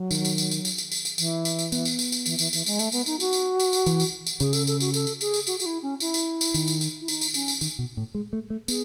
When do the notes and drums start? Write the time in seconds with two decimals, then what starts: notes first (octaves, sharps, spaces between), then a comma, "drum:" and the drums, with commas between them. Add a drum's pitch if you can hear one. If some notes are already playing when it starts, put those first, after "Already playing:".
Already playing: F#3
0.11 D#3, drum: tambourine
0.25 drum: tambourine
0.38 drum: tambourine
0.51 drum: tambourine
0.65 drum: tambourine
0.78 drum: tambourine
0.92 drum: tambourine
1.05 drum: tambourine
1.18 E3, drum: tambourine
1.45 drum: tambourine
1.59 drum: tambourine
1.72 B3, drum: tambourine
1.85 drum: tambourine
1.99 drum: tambourine
2.12 drum: tambourine
2.26 E3, drum: tambourine
2.39 E3, drum: tambourine
2.53 E3, drum: tambourine
2.66 G#3, drum: tambourine
2.79 A3, drum: tambourine
2.92 B3, drum: tambourine
3.06 D#4, drum: tambourine
3.20 F#4, drum: tambourine
3.33 drum: tambourine
3.60 drum: tambourine
3.73 drum: tambourine
3.86 E3, drum: tambourine
4.00 drum: tambourine
4.27 drum: tambourine
4.40 C#3 G#4, drum: tambourine
4.53 A4, drum: tambourine
4.67 A4, drum: tambourine
4.80 F#4, drum: tambourine
4.94 A4, drum: tambourine
5.07 drum: tambourine
5.21 G#4, drum: tambourine
5.34 drum: tambourine
5.47 F#4, drum: tambourine
5.60 F#4, drum: tambourine
5.66 E4
5.82 C#4
6.00 E4, drum: tambourine
6.14 drum: tambourine
6.41 drum: tambourine
6.54 D#3, drum: tambourine
6.68 drum: tambourine
6.81 drum: tambourine
7.01 E4
7.08 D#4, drum: tambourine
7.21 drum: tambourine
7.34 C#4, drum: tambourine
7.48 drum: tambourine
7.61 D#3, drum: tambourine
7.79 B2
7.97 A2
8.15 G#3
8.33 A3
8.50 A3
8.68 B3 G#4, drum: tambourine